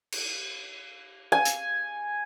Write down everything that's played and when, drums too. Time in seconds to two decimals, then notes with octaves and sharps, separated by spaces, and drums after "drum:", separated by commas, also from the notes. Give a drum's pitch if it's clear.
0.12 drum: cymbal
1.32 G#5
1.45 drum: hi-hat